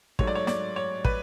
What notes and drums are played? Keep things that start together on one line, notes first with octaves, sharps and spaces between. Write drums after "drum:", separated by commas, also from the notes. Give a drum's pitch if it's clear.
G#2 F#3 A3 C#5, drum: kick
D5
C#5
D5, drum: snare
C#5
B4, drum: kick